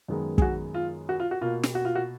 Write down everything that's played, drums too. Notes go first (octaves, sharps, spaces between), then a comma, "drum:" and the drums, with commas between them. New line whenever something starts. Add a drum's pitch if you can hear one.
F#2 D#3 G#3 B3
G#4, drum: kick
F#4
F4
F#4
F4
F#4
B2 A#3 F4
drum: snare
F#4
F4
F#4